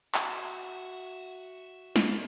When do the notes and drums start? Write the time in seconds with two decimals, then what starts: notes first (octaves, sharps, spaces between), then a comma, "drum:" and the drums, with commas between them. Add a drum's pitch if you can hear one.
0.14 F#4 E5, drum: clap
1.96 drum: snare